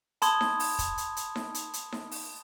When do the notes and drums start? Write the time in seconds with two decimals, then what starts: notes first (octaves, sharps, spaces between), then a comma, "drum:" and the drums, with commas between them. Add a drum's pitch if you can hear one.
0.22 A5 B5 C6 D#6 G#6, drum: hi-hat
0.41 drum: snare D#4
0.60 drum: open hi-hat
0.79 drum: kick, hi-hat
0.98 drum: hi-hat
1.17 drum: hi-hat
1.36 drum: snare D#4
1.55 drum: hi-hat
1.73 drum: hi-hat
1.92 drum: snare D#4
2.11 drum: open hi-hat